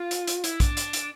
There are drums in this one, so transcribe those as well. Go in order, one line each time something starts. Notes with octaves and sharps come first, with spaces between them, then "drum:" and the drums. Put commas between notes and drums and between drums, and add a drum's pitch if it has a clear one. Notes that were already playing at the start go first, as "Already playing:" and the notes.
Already playing: F4
drum: hi-hat
drum: hi-hat
E4, drum: hi-hat
D4, drum: kick, hi-hat
drum: hi-hat
drum: hi-hat